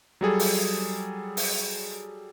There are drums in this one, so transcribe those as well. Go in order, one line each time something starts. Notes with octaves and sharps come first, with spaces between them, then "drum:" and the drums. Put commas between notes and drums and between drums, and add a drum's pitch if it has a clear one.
F#3 G3 G#4 A4
drum: open hi-hat
drum: open hi-hat